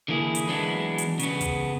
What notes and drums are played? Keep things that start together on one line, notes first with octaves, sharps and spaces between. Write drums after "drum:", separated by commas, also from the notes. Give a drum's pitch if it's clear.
D3 E3 A#3 E4 G#4
drum: hi-hat
E3 F#3 G#3 B3 D4 E4
drum: hi-hat
C#3 B3, drum: hi-hat
drum: kick, hi-hat